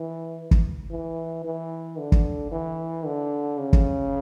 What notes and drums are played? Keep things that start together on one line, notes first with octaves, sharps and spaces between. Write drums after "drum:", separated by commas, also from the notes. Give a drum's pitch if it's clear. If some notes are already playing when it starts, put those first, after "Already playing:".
Already playing: E3
drum: kick
E3
E3
D3
drum: kick
E3
D3
C#3
drum: kick